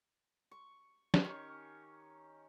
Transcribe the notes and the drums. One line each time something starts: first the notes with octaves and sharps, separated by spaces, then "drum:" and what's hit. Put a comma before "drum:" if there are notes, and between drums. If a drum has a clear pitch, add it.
C#6
drum: snare
D#3 C#4 G4 C#6